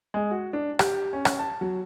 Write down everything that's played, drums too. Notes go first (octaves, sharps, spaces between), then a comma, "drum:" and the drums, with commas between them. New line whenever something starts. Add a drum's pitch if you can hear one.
G#3
F#4
D4
G4, drum: rim click
C#4
drum: rim click
A5
F#3